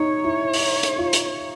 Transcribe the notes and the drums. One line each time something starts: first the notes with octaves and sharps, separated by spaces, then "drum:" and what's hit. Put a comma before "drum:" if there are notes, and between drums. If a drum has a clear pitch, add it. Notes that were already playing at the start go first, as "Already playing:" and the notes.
Already playing: D#4 C#5
E4
drum: open hi-hat
drum: hi-hat
F4
drum: hi-hat